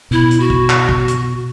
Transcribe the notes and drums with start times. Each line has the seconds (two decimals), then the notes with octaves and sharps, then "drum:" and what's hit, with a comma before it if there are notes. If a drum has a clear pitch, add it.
0.11 B2 E4
0.31 drum: hi-hat
0.40 F#4
0.50 drum: kick
0.69 drum: clap
0.89 drum: kick
1.08 drum: hi-hat